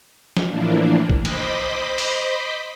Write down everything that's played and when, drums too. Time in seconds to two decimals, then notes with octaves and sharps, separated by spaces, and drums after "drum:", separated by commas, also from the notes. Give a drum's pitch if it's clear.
0.37 drum: snare
0.49 A2 E3 F3 A#3 D4
1.10 drum: kick
1.25 C5 D#5 B5 C6 D6 B6, drum: cymbal
1.98 drum: open hi-hat